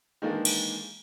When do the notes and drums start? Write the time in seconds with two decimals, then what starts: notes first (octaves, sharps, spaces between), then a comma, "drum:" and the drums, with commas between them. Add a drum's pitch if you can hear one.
0.22 D#3 E3 G#3 A#3 D4
0.45 drum: cymbal